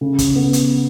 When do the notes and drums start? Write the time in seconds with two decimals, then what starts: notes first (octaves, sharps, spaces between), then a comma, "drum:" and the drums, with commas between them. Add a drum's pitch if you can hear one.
0.01 C#3
0.19 drum: kick, hi-hat
0.36 B3
0.53 drum: hi-hat